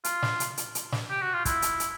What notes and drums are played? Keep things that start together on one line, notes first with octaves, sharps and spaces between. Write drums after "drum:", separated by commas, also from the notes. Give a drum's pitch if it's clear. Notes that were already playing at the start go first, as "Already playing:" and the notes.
F4, drum: hi-hat
drum: snare
drum: hi-hat
drum: hi-hat
drum: hi-hat
drum: snare
G4
F#4
F4
E4, drum: kick, hi-hat
drum: hi-hat
drum: hi-hat